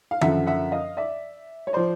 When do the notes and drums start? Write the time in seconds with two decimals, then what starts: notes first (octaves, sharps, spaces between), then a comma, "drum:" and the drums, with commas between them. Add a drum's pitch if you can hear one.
0.11 F5
0.21 F#2 D3 F3 E5 F#5, drum: tom D#3
0.47 E5 F#5
0.72 D#5 F5
0.97 D5 E5
1.67 C#5
1.73 F3 C5 D5